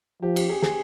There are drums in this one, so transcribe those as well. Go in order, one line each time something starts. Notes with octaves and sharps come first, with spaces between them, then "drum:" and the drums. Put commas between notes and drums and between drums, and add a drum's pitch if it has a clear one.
F3 G4
G4, drum: cymbal
G#4
G#4, drum: snare